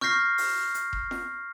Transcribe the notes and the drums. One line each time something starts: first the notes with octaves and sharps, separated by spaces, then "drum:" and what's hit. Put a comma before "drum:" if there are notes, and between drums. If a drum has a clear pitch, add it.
C#6 F6 G6 A#6 C7, drum: snare F4
drum: open hi-hat
drum: hi-hat
drum: kick E1
drum: snare F4